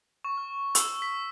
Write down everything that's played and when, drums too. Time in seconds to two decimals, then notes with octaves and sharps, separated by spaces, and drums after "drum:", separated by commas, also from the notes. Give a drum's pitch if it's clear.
0.24 C#6
0.37 F6
0.75 E6, drum: hi-hat
1.02 B6